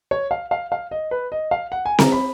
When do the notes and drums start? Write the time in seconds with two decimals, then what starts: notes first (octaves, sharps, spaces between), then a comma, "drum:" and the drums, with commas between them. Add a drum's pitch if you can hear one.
0.11 C#5
0.31 F5
0.51 F5
0.72 F5
0.91 D#5
1.11 B4
1.32 D#5
1.51 F5
1.72 F#5
1.86 G#5
1.99 A#5, drum: snare C4
2.12 B5